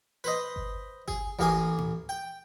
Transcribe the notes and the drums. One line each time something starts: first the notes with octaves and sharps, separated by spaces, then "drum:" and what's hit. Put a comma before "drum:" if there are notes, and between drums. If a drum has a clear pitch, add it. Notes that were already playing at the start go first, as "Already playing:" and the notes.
B4 C5 D#5
drum: kick G1
G#4, drum: kick G1
A1 A#3 G#4 G#5, drum: kick G1
drum: tom A2
G5